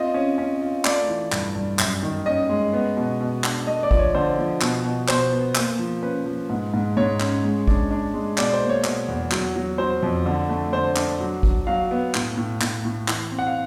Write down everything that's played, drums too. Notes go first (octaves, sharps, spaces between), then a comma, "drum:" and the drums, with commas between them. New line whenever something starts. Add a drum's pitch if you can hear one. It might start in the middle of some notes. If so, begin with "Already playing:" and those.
Already playing: C4 F4 D#5
C#4
C#4
F4
A3 D5, drum: clap
E3
G2, drum: clap
G2
F#2, drum: clap
D#3
C#4 D#5
G#3
B3
B2
B2
D4, drum: clap
A3 D#5
D5
F3, drum: kick A1
C#5
D3 C5
F3
B2, drum: clap
B2
B2 C5, drum: clap
B3
A#3, drum: clap
F3
C#4 B4
F3
G#2
G#2
G#2 C#5
C#4, drum: clap
G#3
D4, drum: kick A1
D4
G#3
B2 D5, drum: clap
C5
A#3
C#5
B2, drum: clap
E2
F#3, drum: clap
F#3
F#3 C5
F2
D3
A3
D3 C5
D4, drum: clap
F#3
F#3, drum: kick A1
F#3 F5
B3
A2, drum: clap
A2
A2, drum: clap
A2
E3, drum: clap
C4
F#5
F5